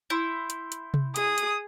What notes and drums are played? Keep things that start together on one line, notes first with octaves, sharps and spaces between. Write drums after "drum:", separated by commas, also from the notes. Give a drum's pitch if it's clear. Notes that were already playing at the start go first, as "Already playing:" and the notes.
E4 C6 G6
drum: hi-hat
drum: hi-hat
drum: tom C3
G#4 D#6, drum: hi-hat
drum: hi-hat